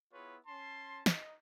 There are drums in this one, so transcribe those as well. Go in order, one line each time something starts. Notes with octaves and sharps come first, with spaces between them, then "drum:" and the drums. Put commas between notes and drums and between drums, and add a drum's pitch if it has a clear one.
B3 E4 F4 G#4 B4 C#5
C#4 A5 C6
D#4, drum: snare